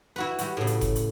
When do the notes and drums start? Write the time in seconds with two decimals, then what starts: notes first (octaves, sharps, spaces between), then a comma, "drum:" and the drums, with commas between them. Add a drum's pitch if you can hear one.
0.16 E4 F#4 B4
0.38 G3 F#4, drum: hi-hat
0.57 A2 C#3
0.67 drum: hi-hat
0.81 drum: kick F#1, hi-hat
0.96 drum: hi-hat